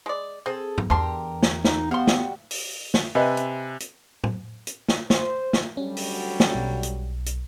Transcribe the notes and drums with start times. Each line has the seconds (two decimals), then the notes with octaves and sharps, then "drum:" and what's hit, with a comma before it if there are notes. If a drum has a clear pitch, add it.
0.06 G#3 D5
0.46 C4 G#4 A4 A5
0.78 drum: tom G#2
0.90 E2 D3 G4 A#4 A5 C6
1.43 drum: snare
1.65 D#4, drum: snare
1.91 G3 B3 F#4 G4 F5 C6
2.07 drum: snare
2.51 drum: open hi-hat
2.94 drum: snare
3.15 C3 B4 D#5 E5 G#5
3.37 drum: hi-hat
3.80 drum: hi-hat
4.24 drum: tom
4.67 drum: hi-hat
4.88 drum: snare
5.10 C5, drum: snare
5.53 drum: snare
5.77 D2 F#3 G3 C#4
5.97 drum: open hi-hat
6.40 drum: snare
6.55 B1
6.83 drum: hi-hat
7.26 drum: hi-hat